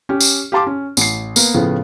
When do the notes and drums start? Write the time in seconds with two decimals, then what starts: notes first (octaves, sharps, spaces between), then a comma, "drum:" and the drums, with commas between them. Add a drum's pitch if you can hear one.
0.09 C#4 G4
0.21 drum: tambourine
0.52 G4 F5 A5 C6 D6
0.67 C#4
0.97 A1 C7, drum: tambourine
1.36 A#3 B3, drum: tambourine
1.54 A2 C#3 F3 B3